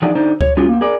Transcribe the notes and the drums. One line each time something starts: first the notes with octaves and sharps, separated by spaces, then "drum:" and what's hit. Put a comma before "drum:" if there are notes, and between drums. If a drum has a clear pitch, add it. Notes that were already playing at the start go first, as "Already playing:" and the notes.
E3 F3 D4 D#4 G#4 D5
D3 D#4 C5 D5
C#5, drum: kick C#2
F#3 G3 C#4 E4 F4 G#4
A#3 C4
G#4 A#4 D5